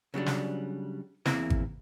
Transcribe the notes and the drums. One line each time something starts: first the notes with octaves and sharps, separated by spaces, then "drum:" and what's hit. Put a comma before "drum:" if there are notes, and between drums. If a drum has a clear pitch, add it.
C#3 F#3 G3 D4
drum: snare
E2 A#3 C4 E4 A#4, drum: snare
drum: kick G#1